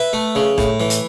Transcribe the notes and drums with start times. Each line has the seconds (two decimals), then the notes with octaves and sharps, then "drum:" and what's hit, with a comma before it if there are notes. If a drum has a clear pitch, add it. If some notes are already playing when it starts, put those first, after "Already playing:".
Already playing: B4 E5
0.13 A3
0.35 C#3
0.58 A2, drum: snare
0.80 E3
0.90 drum: hi-hat